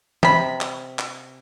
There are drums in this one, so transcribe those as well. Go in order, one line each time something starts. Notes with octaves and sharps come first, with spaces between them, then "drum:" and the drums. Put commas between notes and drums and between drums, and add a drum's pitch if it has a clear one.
C3 B5, drum: tom
drum: clap
drum: clap